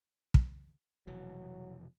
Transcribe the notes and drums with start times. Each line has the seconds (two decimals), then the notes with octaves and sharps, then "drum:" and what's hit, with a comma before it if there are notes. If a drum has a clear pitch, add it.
0.34 drum: kick
1.07 F1 B2 E3 F#3